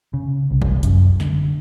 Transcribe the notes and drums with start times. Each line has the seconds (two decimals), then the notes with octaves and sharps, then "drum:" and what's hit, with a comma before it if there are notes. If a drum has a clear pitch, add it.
0.14 C#3
0.51 C2
0.62 drum: kick G1
0.83 F#2, drum: hi-hat
1.20 D3, drum: snare